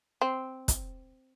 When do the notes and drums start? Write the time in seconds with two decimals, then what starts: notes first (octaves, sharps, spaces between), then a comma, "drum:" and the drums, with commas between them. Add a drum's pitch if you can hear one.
0.22 C4
0.68 drum: kick, hi-hat